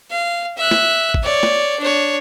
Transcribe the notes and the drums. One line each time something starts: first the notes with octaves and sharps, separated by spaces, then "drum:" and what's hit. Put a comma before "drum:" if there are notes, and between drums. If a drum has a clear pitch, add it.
F5
E5 F#6
drum: snare
drum: kick
C#5 D5
drum: snare
D4 C#5